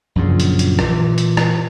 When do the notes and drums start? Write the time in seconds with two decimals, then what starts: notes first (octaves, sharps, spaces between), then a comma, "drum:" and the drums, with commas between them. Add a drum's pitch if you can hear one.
0.15 A#1 F#2 A#2 C#3
0.40 drum: hi-hat
0.59 drum: hi-hat
0.79 A#2 E3, drum: rim click
1.18 drum: hi-hat
1.37 drum: rim click